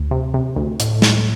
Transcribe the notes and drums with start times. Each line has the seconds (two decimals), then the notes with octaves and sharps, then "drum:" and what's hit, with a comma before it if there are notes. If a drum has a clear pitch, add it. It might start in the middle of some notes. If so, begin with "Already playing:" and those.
Already playing: D2
0.11 C3
0.34 C3
0.56 D2
0.80 A2, drum: hi-hat
1.02 drum: snare